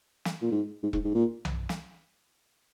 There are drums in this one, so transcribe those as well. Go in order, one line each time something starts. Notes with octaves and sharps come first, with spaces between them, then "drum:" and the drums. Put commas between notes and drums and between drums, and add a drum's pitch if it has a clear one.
drum: snare
A#2
G#2
G#2
G#2, drum: kick E1
G#2
A#2
drum: tom B1
drum: snare